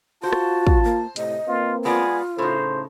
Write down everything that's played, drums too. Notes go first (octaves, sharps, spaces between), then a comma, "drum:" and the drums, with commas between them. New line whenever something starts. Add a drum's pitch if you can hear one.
F4 F#4 C5 A5
drum: rim click
drum: kick
A#3
A2 C3 D#5, drum: hi-hat
A#3 C4 F4 B4
G#3 B3 F4 D5 G#5
A2 C#3 D#4 A4 C5